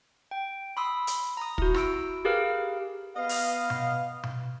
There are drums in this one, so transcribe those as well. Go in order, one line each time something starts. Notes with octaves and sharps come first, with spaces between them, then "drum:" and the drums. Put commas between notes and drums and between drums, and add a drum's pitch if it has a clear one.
G5
B5 C6 D#6 E6
drum: hi-hat
A#5 D#6
E4 F#4, drum: kick
E4 E6 D7, drum: rim click
G4 G#4 A#4 B4 F5
B3 D#5 F5
drum: open hi-hat
drum: tom B2
drum: tom B2